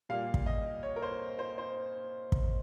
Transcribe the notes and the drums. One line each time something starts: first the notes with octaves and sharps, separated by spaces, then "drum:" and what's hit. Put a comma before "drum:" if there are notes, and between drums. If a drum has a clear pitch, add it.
A#2 G3 A#3 F5
drum: kick
D#5
C#5
A#4
C5
C5
C5
drum: kick